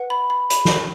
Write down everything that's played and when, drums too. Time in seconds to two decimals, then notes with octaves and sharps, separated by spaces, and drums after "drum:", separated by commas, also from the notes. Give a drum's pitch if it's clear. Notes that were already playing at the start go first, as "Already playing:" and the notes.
Already playing: B4 F#5
0.10 B5
0.30 B5
0.50 B5, drum: hi-hat
0.65 drum: snare